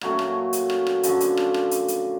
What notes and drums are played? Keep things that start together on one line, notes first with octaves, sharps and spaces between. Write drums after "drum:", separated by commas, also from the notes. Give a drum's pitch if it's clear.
A#2 F#3 A3 C#4, drum: rim click
drum: rim click
drum: hi-hat
drum: rim click
drum: rim click
F#2 D3 F3, drum: hi-hat
drum: hi-hat
drum: rim click
drum: rim click
drum: hi-hat
drum: hi-hat